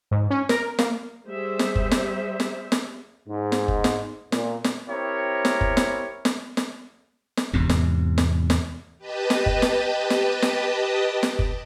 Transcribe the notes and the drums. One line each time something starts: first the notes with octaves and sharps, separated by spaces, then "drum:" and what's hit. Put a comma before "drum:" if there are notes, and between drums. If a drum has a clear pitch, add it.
G#2
C#4
A#4, drum: snare
A#3, drum: snare
G3 G#4 C5 E5
drum: snare
drum: kick F#1
drum: snare
drum: snare
drum: snare
G#2
drum: snare
drum: kick F#1
drum: snare
A#2, drum: snare
drum: snare
C4 E4 G4 A#4 C#5
drum: snare
drum: kick F#1
drum: snare
drum: snare
drum: snare
drum: snare
E2 G#2 C3, drum: kick F#1
drum: snare
drum: snare
drum: snare
G4 B4 D#5 G5 A5 D#6
drum: snare
drum: kick F#1
drum: snare
drum: snare
drum: snare
drum: snare
drum: kick F#1